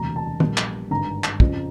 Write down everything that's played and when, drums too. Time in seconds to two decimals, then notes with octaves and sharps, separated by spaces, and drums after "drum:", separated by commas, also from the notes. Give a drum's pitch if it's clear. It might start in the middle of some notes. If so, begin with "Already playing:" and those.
Already playing: E1 D2 C3 A#5
0.16 A5
0.40 A#1 A#2 G3 B3, drum: tom
0.57 drum: clap
0.91 G#1 G2 D3 A#5
1.24 drum: clap
1.40 F2 C#3 F3, drum: kick